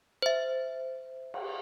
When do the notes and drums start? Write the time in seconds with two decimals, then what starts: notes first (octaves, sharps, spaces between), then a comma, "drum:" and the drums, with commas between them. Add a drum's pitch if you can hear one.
0.22 C5 E5
1.34 drum: cymbal